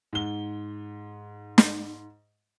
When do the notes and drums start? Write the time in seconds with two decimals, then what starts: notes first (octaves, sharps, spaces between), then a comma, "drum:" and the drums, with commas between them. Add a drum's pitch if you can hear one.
0.13 G#2 G7
1.58 drum: snare